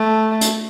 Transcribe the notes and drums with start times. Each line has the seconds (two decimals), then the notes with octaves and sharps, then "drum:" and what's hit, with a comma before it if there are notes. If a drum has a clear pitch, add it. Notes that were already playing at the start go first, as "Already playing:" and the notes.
Already playing: A3
0.41 drum: hi-hat